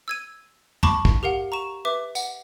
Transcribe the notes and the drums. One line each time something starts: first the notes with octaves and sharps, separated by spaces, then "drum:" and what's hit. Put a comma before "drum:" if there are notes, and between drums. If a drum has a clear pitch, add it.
E6 G#6 D#7
A5 B5 C#6 D6, drum: tom
drum: kick
G4 A#4 F5 F#5
A#5 C#6 E7
B4 E5 D6
F#5, drum: tambourine